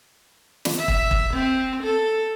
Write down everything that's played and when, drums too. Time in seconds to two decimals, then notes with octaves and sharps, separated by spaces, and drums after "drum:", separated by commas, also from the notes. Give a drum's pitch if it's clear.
0.65 drum: snare
0.79 E5
0.88 drum: kick
1.11 drum: kick
1.34 C4
1.83 A4